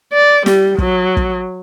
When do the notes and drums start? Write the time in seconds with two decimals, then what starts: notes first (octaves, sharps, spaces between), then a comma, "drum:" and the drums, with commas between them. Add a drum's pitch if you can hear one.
0.13 D5
0.46 G3, drum: snare
0.78 F#3, drum: kick
1.17 drum: kick